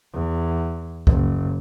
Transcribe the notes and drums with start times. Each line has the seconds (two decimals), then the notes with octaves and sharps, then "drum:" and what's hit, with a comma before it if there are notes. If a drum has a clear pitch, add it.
0.14 E2
1.07 F#1, drum: kick C#2